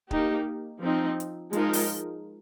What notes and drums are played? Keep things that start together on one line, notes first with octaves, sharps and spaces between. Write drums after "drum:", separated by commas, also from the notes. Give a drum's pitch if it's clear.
A#3 D#4 G4, drum: kick
F3 C4 D#4
drum: hi-hat
F3 G#3 D#4 A#4, drum: hi-hat
drum: open hi-hat